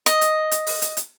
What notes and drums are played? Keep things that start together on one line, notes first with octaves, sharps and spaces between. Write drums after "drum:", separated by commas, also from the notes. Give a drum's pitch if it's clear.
D#5, drum: hi-hat
drum: hi-hat
drum: hi-hat
drum: open hi-hat
drum: hi-hat
drum: hi-hat